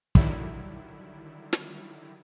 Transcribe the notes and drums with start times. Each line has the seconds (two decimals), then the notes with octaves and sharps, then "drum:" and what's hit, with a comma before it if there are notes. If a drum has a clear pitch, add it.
0.15 D3 D#3 F#3 G3 E4, drum: kick
1.53 drum: snare